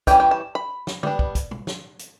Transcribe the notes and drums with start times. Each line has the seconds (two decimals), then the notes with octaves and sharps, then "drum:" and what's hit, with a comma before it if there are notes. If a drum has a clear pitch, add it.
0.07 E3 G3 C#4 G5, drum: kick, hi-hat
0.20 G5
0.31 A5
0.55 B5
0.87 drum: snare
1.03 G3 B3 D4, drum: tom
1.19 drum: kick
1.35 drum: kick, hi-hat
1.51 drum: tom B2
1.67 drum: snare
1.99 drum: hi-hat